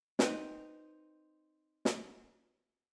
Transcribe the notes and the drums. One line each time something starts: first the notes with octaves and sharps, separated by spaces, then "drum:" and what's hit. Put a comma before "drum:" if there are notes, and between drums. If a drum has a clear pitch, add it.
C4 C#4 D#4 B4 G5, drum: snare
drum: snare